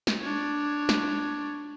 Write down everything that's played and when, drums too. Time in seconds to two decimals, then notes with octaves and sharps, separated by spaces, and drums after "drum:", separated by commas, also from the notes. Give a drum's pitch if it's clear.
0.07 drum: snare
0.21 D4 C#5
0.89 drum: snare